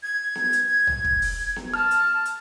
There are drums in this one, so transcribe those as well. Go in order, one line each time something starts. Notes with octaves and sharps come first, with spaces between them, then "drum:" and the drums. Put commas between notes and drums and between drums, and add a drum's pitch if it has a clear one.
G#6
drum: snare B3
drum: hi-hat
drum: tom B1
drum: kick
drum: open hi-hat
drum: snare B3
A5 F6
drum: hi-hat
drum: hi-hat